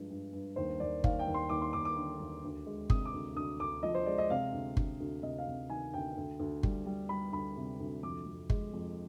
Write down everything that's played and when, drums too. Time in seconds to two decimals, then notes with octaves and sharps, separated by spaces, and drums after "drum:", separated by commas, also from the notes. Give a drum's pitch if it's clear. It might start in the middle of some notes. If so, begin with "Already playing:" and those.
Already playing: G2 F3 G#3
0.10 G2
0.33 G2
0.56 D#2 C5
0.80 D#2 D5
1.04 D#2 F5, drum: kick G1
1.19 G5
1.27 D#2
1.34 C6
1.49 D#2 D6
1.62 C6
1.73 D#2 D6
1.85 D6
1.96 D3
2.20 D#2
2.44 D2
2.66 G#3
2.90 C3 D#6, drum: kick G1
3.05 D6
3.13 D2
3.36 D2 D#6
3.59 D2 D6
3.83 F3 D#5
3.94 C5
4.06 G#3 D5
4.18 D#5
4.30 C3 F5
4.53 D2
4.77 D2, drum: kick G1
5.00 D2
5.23 C3 D#5
5.38 F5
5.47 C3
5.69 D#3 G#5
5.93 D2 G5
6.17 D2
6.39 D2
6.63 G3, drum: kick G1
6.86 G3
7.09 G3 B5
7.33 D2 B5
7.57 C3
7.80 D2
8.03 F2 D6
8.26 F2
8.50 G#3, drum: kick G1
8.74 F2